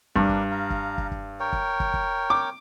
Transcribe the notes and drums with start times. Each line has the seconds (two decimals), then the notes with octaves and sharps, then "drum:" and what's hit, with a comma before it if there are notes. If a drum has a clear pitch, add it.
0.16 G2 D4 A#4, drum: kick
0.29 drum: kick
0.51 F5 A#5
0.70 drum: kick
0.98 drum: kick
1.11 drum: kick
1.40 A#4 C#5 G5
1.53 drum: kick
1.80 drum: kick
1.94 drum: kick
2.30 D6